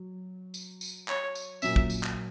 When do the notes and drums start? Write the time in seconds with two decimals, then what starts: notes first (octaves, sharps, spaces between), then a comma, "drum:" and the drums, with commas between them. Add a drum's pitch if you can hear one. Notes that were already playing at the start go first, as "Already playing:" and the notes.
Already playing: F#3
0.54 drum: tambourine
0.81 drum: tambourine
1.08 C#5, drum: clap
1.35 drum: tambourine
1.62 A#2 F#3 C#4 E5, drum: tambourine
1.76 drum: kick
1.90 drum: tambourine
2.03 drum: clap